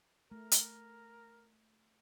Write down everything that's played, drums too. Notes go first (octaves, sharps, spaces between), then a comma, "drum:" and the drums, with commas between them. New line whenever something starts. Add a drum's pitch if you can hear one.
A3 A#4
drum: hi-hat